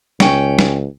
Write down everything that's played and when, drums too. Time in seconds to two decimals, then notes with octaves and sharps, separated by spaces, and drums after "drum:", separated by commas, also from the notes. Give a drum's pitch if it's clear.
0.20 C#2 C#4 G5, drum: snare
0.59 drum: snare